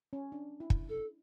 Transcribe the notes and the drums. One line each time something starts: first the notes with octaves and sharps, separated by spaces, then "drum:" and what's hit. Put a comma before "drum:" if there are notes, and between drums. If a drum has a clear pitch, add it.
C#4
D4
E4
drum: kick
A4